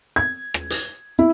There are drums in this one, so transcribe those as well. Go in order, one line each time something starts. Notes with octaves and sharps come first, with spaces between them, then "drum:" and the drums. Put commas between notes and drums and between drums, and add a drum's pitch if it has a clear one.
G#6
drum: rim click
drum: hi-hat
E4